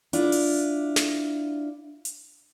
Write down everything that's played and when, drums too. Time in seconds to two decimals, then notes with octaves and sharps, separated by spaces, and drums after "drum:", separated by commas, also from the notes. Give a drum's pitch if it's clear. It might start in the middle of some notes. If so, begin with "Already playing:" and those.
0.13 D4 E4 F4, drum: hi-hat
0.32 drum: open hi-hat
0.96 drum: snare
2.05 drum: hi-hat